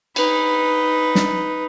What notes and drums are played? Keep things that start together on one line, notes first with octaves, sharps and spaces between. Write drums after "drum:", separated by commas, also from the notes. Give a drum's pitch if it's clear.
D#4 B4, drum: cymbal
drum: snare